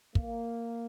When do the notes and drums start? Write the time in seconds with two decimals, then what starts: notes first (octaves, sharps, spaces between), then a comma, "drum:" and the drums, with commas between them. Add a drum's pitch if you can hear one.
0.15 A#3, drum: kick